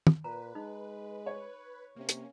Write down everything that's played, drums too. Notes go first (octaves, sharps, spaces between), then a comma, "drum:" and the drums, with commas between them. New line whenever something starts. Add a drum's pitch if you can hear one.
drum: tom
A#2 B4 A#5
G#3 D#4
C#5
C3 A#3 C#4
drum: hi-hat